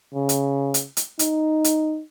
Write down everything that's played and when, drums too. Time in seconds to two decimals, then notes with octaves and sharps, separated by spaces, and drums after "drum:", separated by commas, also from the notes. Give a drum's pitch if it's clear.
0.14 C#3
0.29 drum: hi-hat
0.74 drum: hi-hat
0.97 drum: hi-hat
1.19 D#4, drum: hi-hat
1.64 drum: hi-hat